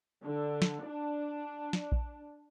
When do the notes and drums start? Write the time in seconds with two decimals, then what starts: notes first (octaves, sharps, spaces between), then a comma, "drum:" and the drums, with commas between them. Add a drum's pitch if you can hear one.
0.24 D3
0.62 drum: snare
0.83 D4
1.73 drum: snare
1.92 drum: kick A#1